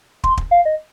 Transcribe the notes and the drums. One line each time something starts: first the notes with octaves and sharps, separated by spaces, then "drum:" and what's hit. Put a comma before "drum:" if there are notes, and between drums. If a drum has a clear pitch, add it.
C6, drum: kick
drum: kick
F5
D#5